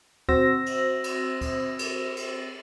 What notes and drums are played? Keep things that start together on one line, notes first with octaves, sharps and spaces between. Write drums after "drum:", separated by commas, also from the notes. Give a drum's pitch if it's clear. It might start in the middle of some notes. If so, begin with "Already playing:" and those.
C4 F#4 C5 E6 A#6, drum: kick D2
drum: cymbal
drum: cymbal
drum: kick D2, cymbal
drum: cymbal
drum: cymbal